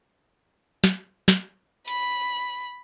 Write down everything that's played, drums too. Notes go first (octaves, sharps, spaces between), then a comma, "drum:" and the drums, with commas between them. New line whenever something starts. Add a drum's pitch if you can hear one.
drum: snare
drum: snare
B5, drum: hi-hat